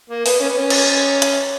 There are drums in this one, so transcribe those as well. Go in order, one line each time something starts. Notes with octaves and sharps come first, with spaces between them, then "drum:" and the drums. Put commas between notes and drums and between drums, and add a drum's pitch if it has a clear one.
A#3
B3, drum: open hi-hat
C#4
B3
C#4
drum: cymbal
drum: hi-hat